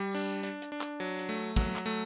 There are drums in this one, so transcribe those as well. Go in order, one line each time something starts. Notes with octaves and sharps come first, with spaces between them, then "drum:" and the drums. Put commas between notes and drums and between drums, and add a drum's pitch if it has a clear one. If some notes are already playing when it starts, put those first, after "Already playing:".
Already playing: G3
D4
D4, drum: hi-hat
drum: hi-hat
D4
drum: clap
F#3, drum: open hi-hat
drum: hi-hat
A3
drum: hi-hat
F#3, drum: kick, hi-hat
drum: clap
A3